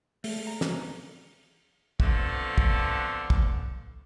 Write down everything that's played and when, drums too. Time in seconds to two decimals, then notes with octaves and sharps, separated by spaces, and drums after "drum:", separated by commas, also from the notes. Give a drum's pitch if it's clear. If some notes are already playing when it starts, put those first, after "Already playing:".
0.24 A3, drum: open hi-hat
0.47 A#5
0.61 drum: snare
2.00 D3 F3 A3 B3 C4, drum: kick
2.58 drum: kick
3.30 drum: kick